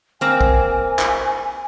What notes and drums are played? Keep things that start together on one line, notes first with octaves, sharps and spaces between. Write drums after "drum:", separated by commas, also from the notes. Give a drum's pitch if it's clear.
A#3 C4 G#5
drum: kick
drum: clap